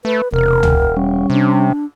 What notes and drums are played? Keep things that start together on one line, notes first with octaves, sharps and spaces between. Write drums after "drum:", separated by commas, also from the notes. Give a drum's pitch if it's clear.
A3 B4
E1 C3 A#4
drum: tom C#2
G3 C#4
C3 D4